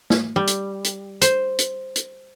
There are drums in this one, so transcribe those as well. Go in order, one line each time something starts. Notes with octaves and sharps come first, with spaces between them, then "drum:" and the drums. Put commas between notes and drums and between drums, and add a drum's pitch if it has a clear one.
drum: snare
G3
drum: hi-hat
drum: hi-hat
C5, drum: hi-hat
drum: hi-hat
drum: hi-hat